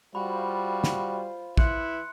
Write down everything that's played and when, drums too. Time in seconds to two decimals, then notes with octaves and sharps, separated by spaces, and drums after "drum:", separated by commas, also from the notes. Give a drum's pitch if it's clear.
0.15 G3 F4 F#4 C5 F5 B5
0.84 drum: snare
1.57 E3 E4 C6 F#6 C#7, drum: kick